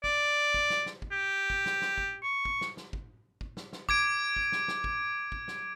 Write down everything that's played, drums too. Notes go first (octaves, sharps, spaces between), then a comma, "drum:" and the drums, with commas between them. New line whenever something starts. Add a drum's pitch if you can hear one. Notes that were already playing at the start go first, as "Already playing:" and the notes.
D5, drum: kick
drum: kick
drum: snare
drum: snare
drum: kick
G4
drum: kick
drum: snare
drum: snare
drum: kick
C#6
drum: kick
drum: snare
drum: snare
drum: kick
drum: kick
drum: snare
drum: snare
D6 G#6 D7, drum: kick
drum: kick
drum: snare
drum: snare
drum: kick
drum: kick
drum: snare